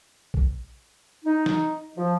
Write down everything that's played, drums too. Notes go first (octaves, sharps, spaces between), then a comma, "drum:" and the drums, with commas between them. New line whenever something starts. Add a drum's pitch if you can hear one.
drum: kick A#1
D#4
drum: snare
F3